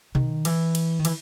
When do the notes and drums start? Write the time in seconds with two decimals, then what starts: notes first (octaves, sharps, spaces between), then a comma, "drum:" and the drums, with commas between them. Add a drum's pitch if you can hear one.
0.15 D#3, drum: tom B2
0.45 E3, drum: cymbal
0.75 drum: cymbal
0.99 D#3
1.05 E3, drum: cymbal